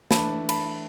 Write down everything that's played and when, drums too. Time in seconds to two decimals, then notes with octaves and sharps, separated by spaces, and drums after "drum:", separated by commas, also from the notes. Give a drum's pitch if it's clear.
0.11 E3 A3 D4 A5 B5, drum: snare
0.49 A5 B5, drum: cymbal